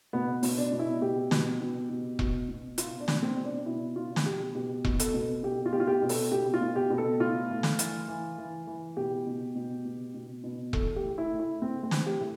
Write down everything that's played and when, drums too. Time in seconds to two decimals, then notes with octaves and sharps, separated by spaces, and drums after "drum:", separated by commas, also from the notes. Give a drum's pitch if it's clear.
0.13 B2 B3
0.43 B2, drum: open hi-hat
0.58 D4
0.73 B2
0.79 E4
1.01 B2 G4
1.31 B2, drum: snare
1.61 B2
1.90 B2
2.19 B2, drum: kick E1
2.49 B2
2.78 B2 F4, drum: hi-hat
3.00 D4
3.08 B2, drum: snare
3.23 C4
3.37 B2
3.44 D4
3.66 B2 E4
3.96 B2 F4
4.16 drum: snare
4.26 B2 G4
4.55 B2 G4
4.84 B2, drum: kick E1
5.00 A4, drum: hi-hat
5.14 B2
5.43 B2 G4
5.66 F4
5.73 B2 G4
5.80 F4
5.87 G4
6.02 B2
6.09 A4, drum: open hi-hat
6.32 B2 G4
6.54 F4
6.61 B2
6.76 G4
6.91 B2
6.98 A4
7.20 A2 F4
7.50 A2
7.63 drum: snare
7.79 E3, drum: hi-hat
8.08 E3
8.38 E3
8.67 E3
8.97 B2 G4
9.26 B2
9.56 B2
9.85 B2
10.14 B2
10.44 B2
10.73 E3 A4, drum: kick E1
10.96 G4
11.03 A2
11.18 E4
11.33 A2
11.40 E4
11.62 A2 C4
11.83 C4
11.91 E3, drum: snare
12.06 G4
12.21 A2